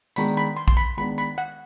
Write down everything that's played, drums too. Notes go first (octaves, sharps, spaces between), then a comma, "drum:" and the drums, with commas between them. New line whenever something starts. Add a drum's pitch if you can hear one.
D#3 G#3 B3 D4 B5, drum: tambourine
B5
C6
C6, drum: kick
B5
D#3 G#3 B3 D4 B5
B5
F#5